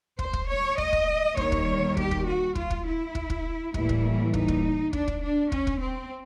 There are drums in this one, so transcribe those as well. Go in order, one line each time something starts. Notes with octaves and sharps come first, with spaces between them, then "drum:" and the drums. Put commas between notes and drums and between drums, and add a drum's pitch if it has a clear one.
C5, drum: kick
drum: kick
C#5
D#5, drum: kick
drum: kick
D#2 D#3 G3 C#5, drum: kick
drum: kick
G4, drum: kick
drum: kick
F#4
F4, drum: kick
drum: kick
E4
drum: kick
drum: kick
A2 E3 G3 A#3 E4, drum: kick
drum: kick
D#4, drum: kick
drum: kick
D4, drum: kick
drum: kick
D4
C#4, drum: kick
drum: kick
C4